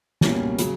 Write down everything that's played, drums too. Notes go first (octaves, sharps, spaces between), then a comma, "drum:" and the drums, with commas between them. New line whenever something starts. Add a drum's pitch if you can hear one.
B2 G3 A#3 C#4, drum: snare
C#3 F#3, drum: hi-hat